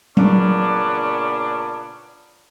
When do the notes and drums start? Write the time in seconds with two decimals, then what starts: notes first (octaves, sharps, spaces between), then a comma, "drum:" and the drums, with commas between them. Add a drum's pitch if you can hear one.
0.17 A#2 C#3 A#3 B3 C#4 D4, drum: tom F#3